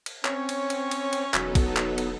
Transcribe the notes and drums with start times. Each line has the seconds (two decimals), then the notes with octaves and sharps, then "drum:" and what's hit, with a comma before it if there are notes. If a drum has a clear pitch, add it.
0.06 drum: cymbal
0.25 C4 C#4 C#5, drum: clap
0.49 drum: cymbal
0.70 drum: cymbal
0.91 drum: cymbal
1.13 drum: cymbal
1.34 E1 F#3 B3 D#4 A4, drum: clap
1.55 drum: kick A#1, cymbal
1.77 drum: clap
1.98 drum: cymbal